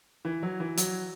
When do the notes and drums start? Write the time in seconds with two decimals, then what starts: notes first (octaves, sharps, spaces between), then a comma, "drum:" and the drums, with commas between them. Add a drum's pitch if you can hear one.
0.25 E3
0.43 F#3
0.60 E3
0.77 F#3, drum: hi-hat